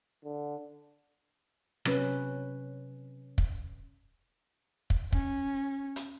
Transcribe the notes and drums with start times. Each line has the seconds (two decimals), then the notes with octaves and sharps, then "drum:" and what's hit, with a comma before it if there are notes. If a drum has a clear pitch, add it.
0.24 D3
1.85 C3 F#3 C#4 B4, drum: rim click
3.38 drum: kick
4.90 drum: kick
5.12 C#4, drum: kick
5.96 drum: hi-hat